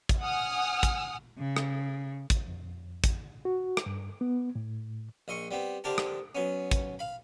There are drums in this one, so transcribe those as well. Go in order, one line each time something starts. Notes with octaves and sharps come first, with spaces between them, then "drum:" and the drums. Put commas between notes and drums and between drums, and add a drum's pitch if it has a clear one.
drum: kick, hi-hat
F#5 G#5 D#6 F6
drum: kick, hi-hat
C#3
drum: rim click
drum: kick, hi-hat
F2
drum: kick, hi-hat
F#4
drum: rim click
G2
B3
A2
A#1 D#5 C6 C#6
G3 B3 C4
D3 C4 G4 A#4 A5
drum: rim click
F#3 B3 C#4
drum: kick, hi-hat
F5 B5